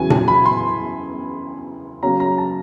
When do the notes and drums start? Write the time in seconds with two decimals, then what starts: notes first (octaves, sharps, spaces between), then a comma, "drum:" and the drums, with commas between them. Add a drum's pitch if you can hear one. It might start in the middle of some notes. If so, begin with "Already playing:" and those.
Already playing: E2 C#3 F#3 G#5
0.10 A5, drum: tom A#2
0.28 B5
0.46 C6
2.03 C#3 F#3 A#3 C#4 A#5
2.20 A#5
2.38 A5